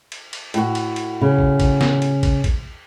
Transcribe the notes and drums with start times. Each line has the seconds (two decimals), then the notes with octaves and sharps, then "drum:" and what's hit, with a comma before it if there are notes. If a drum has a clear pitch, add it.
0.12 drum: cymbal
0.33 drum: cymbal
0.54 A2 F#4, drum: cymbal
0.75 drum: cymbal
0.96 drum: cymbal
1.21 C#3
1.39 drum: kick
1.60 drum: kick, cymbal
1.81 drum: snare
2.02 drum: cymbal
2.23 drum: kick, cymbal
2.44 drum: kick, cymbal